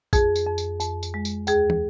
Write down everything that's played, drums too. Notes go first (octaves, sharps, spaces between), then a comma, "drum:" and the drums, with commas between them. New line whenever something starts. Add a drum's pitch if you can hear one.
F2 G#4, drum: kick A1, tambourine
drum: tambourine
F2
drum: tambourine
F2, drum: tambourine
drum: tambourine
G#3
drum: tambourine
D#2 G#4, drum: tambourine
drum: tom